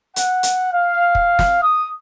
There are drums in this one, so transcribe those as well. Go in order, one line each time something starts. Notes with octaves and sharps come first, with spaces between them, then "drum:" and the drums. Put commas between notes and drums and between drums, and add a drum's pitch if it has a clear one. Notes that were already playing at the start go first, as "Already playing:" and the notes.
F#5, drum: hi-hat
drum: hi-hat
F5
drum: kick
drum: snare
D#6